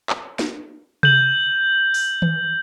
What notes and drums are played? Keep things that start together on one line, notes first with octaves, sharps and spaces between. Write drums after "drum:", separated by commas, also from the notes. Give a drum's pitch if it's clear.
drum: clap
drum: snare
G6 F#7, drum: tom C3
drum: open hi-hat
drum: tom D#3